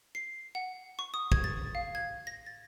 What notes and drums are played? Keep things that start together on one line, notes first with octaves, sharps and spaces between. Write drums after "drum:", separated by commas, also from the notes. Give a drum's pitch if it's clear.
C7
F#5
C#6
D#6
G#6, drum: kick
A6
F5
G#6
A#6
A6